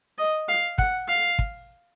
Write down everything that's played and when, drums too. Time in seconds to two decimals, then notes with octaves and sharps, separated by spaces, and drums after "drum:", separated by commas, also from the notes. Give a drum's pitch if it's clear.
0.18 D#5
0.49 F5
0.78 F#5, drum: kick
1.09 F5
1.39 drum: kick